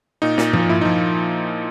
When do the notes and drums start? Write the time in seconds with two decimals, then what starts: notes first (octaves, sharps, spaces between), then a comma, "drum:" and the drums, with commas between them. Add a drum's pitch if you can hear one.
0.22 A#2 D#4
0.38 A#2, drum: snare
0.53 F3, drum: tom
0.69 A#2 E4
0.81 D#4
0.85 F3